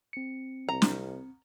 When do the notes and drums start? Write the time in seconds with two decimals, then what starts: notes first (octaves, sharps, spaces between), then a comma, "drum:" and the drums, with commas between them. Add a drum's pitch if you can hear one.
0.13 C4 C#7
0.69 C2 A#5
0.82 drum: snare